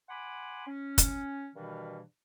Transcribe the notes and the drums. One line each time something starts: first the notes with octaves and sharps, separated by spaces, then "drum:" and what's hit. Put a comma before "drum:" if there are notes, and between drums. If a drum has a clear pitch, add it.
F#5 G#5 B5 C6 D6
C#4
drum: kick, hi-hat
G2 B2 D#3 E3 G3